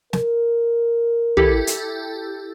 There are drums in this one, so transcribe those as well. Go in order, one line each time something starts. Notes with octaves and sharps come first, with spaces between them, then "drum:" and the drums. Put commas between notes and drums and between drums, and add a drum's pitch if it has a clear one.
A#4, drum: snare
E4 G4 A4, drum: tom
drum: hi-hat